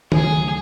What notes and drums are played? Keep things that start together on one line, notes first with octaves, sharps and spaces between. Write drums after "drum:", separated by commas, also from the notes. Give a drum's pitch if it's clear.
D2 C#3 F#3 A3 G#4, drum: tom D#3